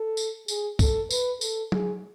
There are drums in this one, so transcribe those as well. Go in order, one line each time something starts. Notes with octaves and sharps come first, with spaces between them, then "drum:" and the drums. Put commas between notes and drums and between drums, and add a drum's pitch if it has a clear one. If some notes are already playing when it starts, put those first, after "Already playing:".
Already playing: A4
drum: tambourine
G#4, drum: tambourine
A4, drum: kick C2, tambourine
B4, drum: tambourine
A4, drum: tambourine
G#4, drum: tom